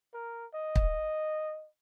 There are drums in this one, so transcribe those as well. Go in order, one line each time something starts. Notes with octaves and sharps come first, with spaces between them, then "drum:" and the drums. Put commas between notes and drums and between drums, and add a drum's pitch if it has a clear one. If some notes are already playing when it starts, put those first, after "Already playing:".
A#4
D#5
drum: kick